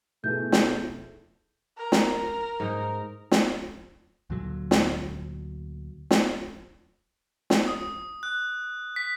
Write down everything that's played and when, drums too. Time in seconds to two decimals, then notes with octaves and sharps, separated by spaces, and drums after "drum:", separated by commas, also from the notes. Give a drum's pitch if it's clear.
0.24 B2 A3 D#4 E4 G#4 G6
0.52 drum: snare
1.77 A#4
1.92 drum: snare
2.60 G#2 D#4
3.31 drum: snare
4.30 D2 A#2 D3 F#3
4.71 drum: snare
6.11 drum: snare
7.50 drum: snare
7.68 D#6
8.23 F#6
8.96 B6